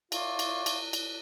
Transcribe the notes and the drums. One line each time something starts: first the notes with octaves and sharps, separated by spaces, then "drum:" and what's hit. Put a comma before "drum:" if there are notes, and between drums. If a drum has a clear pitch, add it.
E4 F4 C#5 D5 F5, drum: cymbal
drum: cymbal
drum: cymbal
drum: cymbal